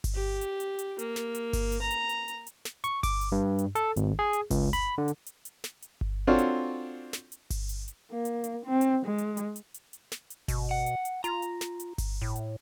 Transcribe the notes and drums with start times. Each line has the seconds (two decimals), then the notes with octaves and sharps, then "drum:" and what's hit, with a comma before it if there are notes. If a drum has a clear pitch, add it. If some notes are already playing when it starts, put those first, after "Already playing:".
0.04 drum: kick G1, open hi-hat
0.14 G4
0.41 drum: hi-hat
0.60 drum: hi-hat
0.79 drum: hi-hat
0.99 A#3, drum: hi-hat
1.16 drum: snare
1.35 drum: hi-hat
1.53 drum: kick G1, open hi-hat
1.72 drum: hi-hat
1.81 A#5
1.91 drum: hi-hat
2.09 drum: hi-hat
2.28 drum: hi-hat
2.47 drum: hi-hat
2.65 drum: snare
2.84 C#6, drum: hi-hat
3.03 D6, drum: kick G1, open hi-hat
3.21 drum: hi-hat
3.32 G2
3.59 drum: hi-hat
3.75 A4, drum: hi-hat
3.96 G#1, drum: hi-hat
4.19 G#4
4.33 drum: hi-hat
4.51 C#2, drum: kick G1, open hi-hat
4.73 B5, drum: hi-hat
4.98 D3
5.08 drum: hi-hat
5.26 drum: hi-hat
5.45 drum: hi-hat
5.64 drum: snare
5.82 drum: hi-hat
6.01 drum: kick G1
6.27 C4 D4 F4 F#4 A4 C#5
6.38 drum: hi-hat
7.13 drum: snare
7.32 drum: hi-hat
7.50 drum: kick G1, open hi-hat
7.69 drum: hi-hat
7.88 drum: hi-hat
8.12 A#3
8.25 drum: hi-hat
8.44 drum: hi-hat
8.66 C4
8.81 drum: hi-hat
9.06 G#3
9.18 drum: hi-hat
9.37 drum: hi-hat
9.56 drum: hi-hat
9.74 drum: hi-hat
9.93 drum: hi-hat
10.12 drum: snare
10.30 drum: hi-hat
10.48 B2, drum: kick G1, open hi-hat
10.71 F#5
10.86 drum: hi-hat
11.05 drum: hi-hat
11.24 F4 A#5, drum: hi-hat
11.42 drum: hi-hat
11.61 drum: snare
11.80 drum: hi-hat
11.98 drum: kick G1, open hi-hat
12.22 A2
12.36 drum: hi-hat